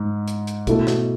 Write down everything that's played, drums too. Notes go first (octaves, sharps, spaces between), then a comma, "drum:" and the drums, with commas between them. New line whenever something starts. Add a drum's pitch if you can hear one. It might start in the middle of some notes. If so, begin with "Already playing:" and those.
Already playing: G#2
drum: hi-hat
drum: hi-hat
B2 A3 E4 A4, drum: kick, hi-hat
drum: snare